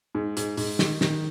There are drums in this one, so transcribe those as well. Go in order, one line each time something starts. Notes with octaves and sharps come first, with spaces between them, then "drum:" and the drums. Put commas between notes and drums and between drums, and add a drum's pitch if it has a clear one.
G#2
G#2, drum: hi-hat
G#2, drum: open hi-hat
D#3, drum: snare
D#3, drum: snare